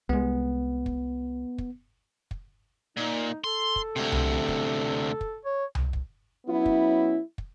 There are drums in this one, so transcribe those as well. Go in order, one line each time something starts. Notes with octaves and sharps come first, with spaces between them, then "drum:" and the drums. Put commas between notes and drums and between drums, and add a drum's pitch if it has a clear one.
C2 G#3 B3
drum: kick
drum: kick
drum: kick
A#2 D#4
A4 C6
drum: kick
D2 C3
drum: tom C2
drum: kick
drum: kick
C#5
drum: tom C2
drum: kick
F#3 B3 C#4 E4
drum: kick
drum: kick